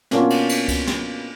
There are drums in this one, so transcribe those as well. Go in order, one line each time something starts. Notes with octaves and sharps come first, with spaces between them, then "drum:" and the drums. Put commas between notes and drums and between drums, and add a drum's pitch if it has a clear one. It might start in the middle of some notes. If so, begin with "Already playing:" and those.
B2 A#3 C#4 D4 F4 F#4, drum: snare
drum: cymbal
drum: cymbal
drum: kick C#2, cymbal
drum: snare